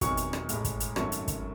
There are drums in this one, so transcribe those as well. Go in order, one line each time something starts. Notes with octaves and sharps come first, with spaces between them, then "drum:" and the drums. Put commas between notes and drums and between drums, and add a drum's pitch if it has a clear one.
E1 E2 C3 D#3 F#3 C#6, drum: kick, hi-hat
drum: hi-hat
drum: rim click
A1 A2 G#3, drum: hi-hat
drum: kick, hi-hat
drum: hi-hat
G#1 F#2 D#3 F#3 A3 C#6, drum: rim click
drum: hi-hat
drum: kick, hi-hat